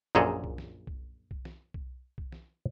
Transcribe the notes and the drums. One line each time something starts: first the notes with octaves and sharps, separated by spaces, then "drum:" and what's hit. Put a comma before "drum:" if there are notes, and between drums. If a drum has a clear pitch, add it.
A#1 F#2 A#2 G#4 A4 D#5
drum: kick B1
drum: snare
drum: kick B1
drum: kick B1
drum: snare
drum: kick B1
drum: kick B1
drum: snare